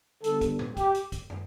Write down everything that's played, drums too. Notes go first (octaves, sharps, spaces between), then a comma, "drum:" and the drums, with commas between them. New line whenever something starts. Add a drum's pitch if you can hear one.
D3 G3 B3 A4, drum: hi-hat
drum: kick, hi-hat
drum: tom A2
G4, drum: kick, hi-hat
drum: hi-hat
drum: kick, hi-hat
drum: tom